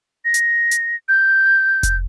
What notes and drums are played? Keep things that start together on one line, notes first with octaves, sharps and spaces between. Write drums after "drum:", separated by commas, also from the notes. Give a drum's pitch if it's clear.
A#6
drum: hi-hat
drum: hi-hat
G6
drum: kick F1, hi-hat